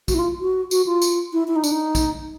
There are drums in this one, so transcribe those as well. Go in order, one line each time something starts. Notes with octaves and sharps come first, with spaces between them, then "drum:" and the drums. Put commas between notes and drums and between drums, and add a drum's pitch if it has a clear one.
F#4, drum: kick, tambourine
E4
F4
F#4
F#4, drum: tambourine
F4
drum: tambourine
E4
E4
D#4
D4, drum: tambourine
D#4
drum: kick, tambourine